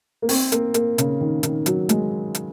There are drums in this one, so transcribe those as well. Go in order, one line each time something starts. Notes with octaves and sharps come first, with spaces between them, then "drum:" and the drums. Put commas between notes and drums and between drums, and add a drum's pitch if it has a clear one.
A#3
C4, drum: open hi-hat
A#3, drum: hi-hat
A#3, drum: hi-hat
C#3, drum: hi-hat
D#3
D#3, drum: hi-hat
F#3, drum: hi-hat
G#3, drum: hi-hat
drum: hi-hat